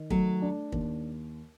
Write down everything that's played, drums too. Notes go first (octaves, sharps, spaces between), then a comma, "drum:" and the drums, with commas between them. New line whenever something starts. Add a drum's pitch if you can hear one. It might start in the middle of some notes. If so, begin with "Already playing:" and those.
Already playing: D#3
F#3 A3, drum: kick
D4
D#2, drum: kick